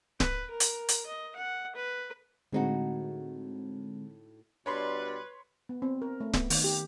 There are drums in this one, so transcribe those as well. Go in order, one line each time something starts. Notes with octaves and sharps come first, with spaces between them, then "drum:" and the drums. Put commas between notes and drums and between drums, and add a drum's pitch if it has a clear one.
B4, drum: snare D1
A#4
drum: hi-hat
drum: hi-hat
D#5
F#5
B4
A2 D3 G#3 C4 D#4 F#4
B2 G3 D4 B4 C#5 B5 C6
B3
C4
A#4
A3
B3, drum: snare D1
D#3, drum: open hi-hat
G4